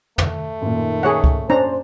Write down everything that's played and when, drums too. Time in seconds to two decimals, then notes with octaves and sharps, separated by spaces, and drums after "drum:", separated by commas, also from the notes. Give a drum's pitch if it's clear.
0.18 A3, drum: tom
0.62 F#2 A#2 D#3
1.03 G#4 C#5 F#5
1.24 drum: kick C#2
1.50 C#4 D4 C5 A#5